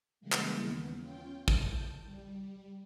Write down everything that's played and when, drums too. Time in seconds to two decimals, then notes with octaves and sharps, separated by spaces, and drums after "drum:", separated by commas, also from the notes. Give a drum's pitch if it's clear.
0.20 C#3 E3 G3 G#3 A#3
0.32 drum: clap
0.58 D#2 B3
1.00 C#4 F4 G5
1.48 A5 G6, drum: kick
2.04 G3